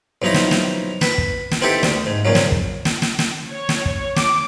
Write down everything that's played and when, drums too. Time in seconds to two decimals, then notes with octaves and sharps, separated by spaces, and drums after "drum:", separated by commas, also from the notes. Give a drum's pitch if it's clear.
0.22 B1 F3 D#4 E4 A#5
0.34 drum: snare
0.51 drum: snare
1.01 B4, drum: snare
1.18 drum: kick
1.51 drum: snare
1.62 B3 C4 D#4 E4 G4 A4
1.83 D2, drum: snare
2.06 G#2
2.25 F2 A#2 C#3 F#3
2.35 drum: snare
2.52 drum: kick
2.85 drum: snare
3.02 drum: snare
3.19 drum: snare
3.50 C#5
3.69 drum: snare
3.85 drum: kick
4.16 D6, drum: snare